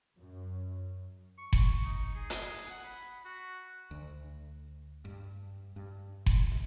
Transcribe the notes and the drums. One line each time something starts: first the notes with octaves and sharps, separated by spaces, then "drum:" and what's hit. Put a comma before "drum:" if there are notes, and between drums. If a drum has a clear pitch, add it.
F#2
C#6
C#6, drum: kick F#1
D#4
G#4
drum: hi-hat
F#5
B5
F#4
D2
G2
G2
drum: kick F#1
D1